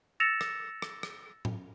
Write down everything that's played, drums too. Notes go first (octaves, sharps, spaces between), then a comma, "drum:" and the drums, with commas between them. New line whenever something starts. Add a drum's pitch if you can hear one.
E6 A6 A#6 C#7 E7 F7
drum: rim click
drum: rim click
drum: rim click
drum: tom A2